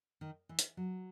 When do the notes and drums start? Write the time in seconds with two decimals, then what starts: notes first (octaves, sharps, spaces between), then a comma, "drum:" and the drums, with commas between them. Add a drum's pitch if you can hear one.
0.21 D#3
0.49 E3
0.59 drum: hi-hat
0.77 F#3